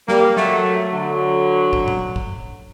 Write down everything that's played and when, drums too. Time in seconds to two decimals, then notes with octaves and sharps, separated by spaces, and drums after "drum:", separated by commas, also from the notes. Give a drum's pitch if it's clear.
0.08 G3 A#3, drum: snare
0.37 F#3 A3, drum: snare
0.92 D3 F#3
1.73 drum: kick
1.88 drum: tom A#2
2.16 drum: kick